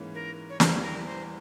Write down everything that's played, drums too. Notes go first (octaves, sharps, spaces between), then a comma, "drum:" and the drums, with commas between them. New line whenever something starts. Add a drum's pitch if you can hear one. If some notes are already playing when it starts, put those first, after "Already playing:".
Already playing: G#2 E3 A#3 C#4
A#4
C#5
E2 E3 G3 A#3 C5, drum: snare
A#4
C5